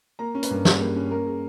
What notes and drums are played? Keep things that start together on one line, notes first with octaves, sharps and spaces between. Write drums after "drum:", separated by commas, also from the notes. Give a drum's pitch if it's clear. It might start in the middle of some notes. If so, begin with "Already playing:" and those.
A#3 A#5
C#4
B4, drum: hi-hat
G2 A#4
G3 G#4, drum: snare
A#3
C#4
A#3 A#4
G#4